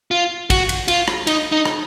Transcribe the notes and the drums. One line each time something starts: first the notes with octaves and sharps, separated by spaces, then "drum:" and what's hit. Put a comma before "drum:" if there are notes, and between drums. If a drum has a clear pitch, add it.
F4
F#4, drum: kick, cymbal
drum: cymbal
F4, drum: cymbal
drum: rim click
D#4, drum: cymbal
D#4
drum: rim click